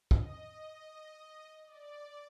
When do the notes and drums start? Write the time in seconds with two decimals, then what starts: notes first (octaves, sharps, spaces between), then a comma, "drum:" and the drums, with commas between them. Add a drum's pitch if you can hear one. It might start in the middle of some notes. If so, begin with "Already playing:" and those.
0.11 D#5, drum: kick
1.65 D5